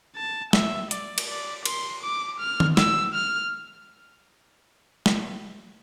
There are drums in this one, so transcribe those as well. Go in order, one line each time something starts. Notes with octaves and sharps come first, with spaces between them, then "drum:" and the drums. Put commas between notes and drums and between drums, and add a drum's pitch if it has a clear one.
A5
E5, drum: snare
D5, drum: hi-hat
drum: cymbal
D5
C6, drum: cymbal
D6
F6
drum: tom D#3
E6, drum: snare
F6
drum: snare